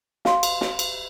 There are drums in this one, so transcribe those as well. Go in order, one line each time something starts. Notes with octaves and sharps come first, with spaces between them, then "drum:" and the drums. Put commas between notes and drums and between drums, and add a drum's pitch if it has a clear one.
F5 C6, drum: snare
drum: cymbal
drum: snare
drum: cymbal